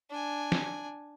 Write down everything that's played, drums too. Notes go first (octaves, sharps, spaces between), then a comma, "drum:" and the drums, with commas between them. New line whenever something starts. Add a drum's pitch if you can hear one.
D4 G#5
drum: snare